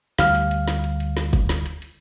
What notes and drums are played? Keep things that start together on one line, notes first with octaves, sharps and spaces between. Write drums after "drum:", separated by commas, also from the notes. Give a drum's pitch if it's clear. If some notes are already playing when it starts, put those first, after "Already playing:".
D2 G3 F5 F6, drum: snare
drum: hi-hat
drum: hi-hat
drum: snare
drum: hi-hat
drum: hi-hat
drum: snare
drum: kick, hi-hat
drum: snare
drum: hi-hat
drum: hi-hat